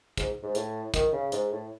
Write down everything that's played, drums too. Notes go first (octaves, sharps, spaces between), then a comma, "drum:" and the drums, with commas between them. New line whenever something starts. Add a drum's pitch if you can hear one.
G#2, drum: kick, hi-hat
G#2
A2, drum: hi-hat
D#3, drum: kick, hi-hat
C#3
G#2, drum: hi-hat
A2